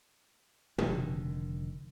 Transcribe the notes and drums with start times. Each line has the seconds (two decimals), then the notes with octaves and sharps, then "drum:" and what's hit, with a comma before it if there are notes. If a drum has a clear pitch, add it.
0.78 F1 D3 D#3, drum: tom